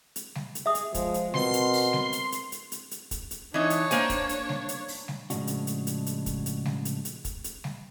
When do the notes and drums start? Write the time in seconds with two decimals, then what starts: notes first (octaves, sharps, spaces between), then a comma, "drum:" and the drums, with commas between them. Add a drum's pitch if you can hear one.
0.16 drum: hi-hat
0.35 drum: snare G3
0.55 drum: hi-hat
0.66 G#4 E5 D#6
0.75 drum: hi-hat
0.94 F3 G#3, drum: kick, hi-hat
1.14 drum: hi-hat
1.34 B2 C4 A#4 C6, drum: snare G3
1.54 drum: hi-hat
1.73 drum: open hi-hat
1.93 drum: snare G3
2.13 drum: hi-hat
2.32 drum: hi-hat
2.52 drum: hi-hat
2.72 drum: hi-hat
2.91 drum: hi-hat
3.11 drum: kick, hi-hat
3.31 drum: hi-hat
3.54 E3 D4 D#4 C#5
3.70 drum: hi-hat
3.91 A#3 C5 G#5, drum: hi-hat
4.10 drum: kick, hi-hat
4.29 drum: hi-hat
4.49 drum: snare G3
4.69 drum: hi-hat
4.88 drum: open hi-hat
5.08 drum: snare G3
5.30 A2 C#3 F3 G#3 D4 F#4, drum: hi-hat
5.47 drum: hi-hat
5.67 drum: hi-hat
5.87 drum: hi-hat
6.06 drum: hi-hat
6.26 drum: kick, hi-hat
6.46 drum: hi-hat
6.65 drum: snare G3
6.85 drum: hi-hat
7.05 drum: hi-hat
7.25 drum: kick, hi-hat
7.44 drum: hi-hat
7.64 drum: snare G3